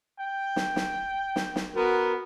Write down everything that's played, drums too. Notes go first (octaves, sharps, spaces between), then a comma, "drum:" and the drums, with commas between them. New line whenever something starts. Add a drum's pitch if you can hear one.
G5
drum: snare
drum: snare
drum: snare
drum: snare
B3 F#4 A#4